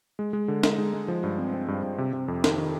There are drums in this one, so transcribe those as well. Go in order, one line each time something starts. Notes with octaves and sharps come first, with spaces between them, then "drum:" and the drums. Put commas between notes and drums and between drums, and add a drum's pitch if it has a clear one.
G#3
G#3
D3
D#4, drum: snare
G#3
G#3
F3
G2
C4
C4
G2
G2
C3
C3
F2
D#3, drum: snare
D#3